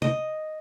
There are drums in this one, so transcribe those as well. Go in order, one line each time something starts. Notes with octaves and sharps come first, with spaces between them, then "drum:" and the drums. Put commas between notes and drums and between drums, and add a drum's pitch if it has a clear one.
D#5, drum: tom